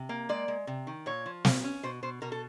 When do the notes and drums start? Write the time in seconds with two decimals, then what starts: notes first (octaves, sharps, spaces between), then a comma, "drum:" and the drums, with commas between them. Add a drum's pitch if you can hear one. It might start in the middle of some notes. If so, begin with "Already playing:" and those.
Already playing: C3
0.09 A#3
0.29 G#3 D5
0.48 G#3
0.67 C3
0.87 D#3
1.06 A#2 C#5
1.26 F3
1.45 A#2, drum: snare
1.64 C#4
1.83 B2 C5
2.03 B2 C5
2.22 B2 A#4
2.32 A4